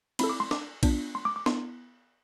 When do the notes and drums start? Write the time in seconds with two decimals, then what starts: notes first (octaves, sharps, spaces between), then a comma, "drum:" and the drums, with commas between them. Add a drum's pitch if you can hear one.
0.19 C4 E4 A4 B5, drum: cymbal
0.30 D6
0.40 C6
0.51 D6, drum: snare D4
0.83 B3 D4 F4, drum: kick A#1, cymbal
1.15 C6
1.25 D6
1.36 D6
1.46 B3 E4 C6, drum: snare D4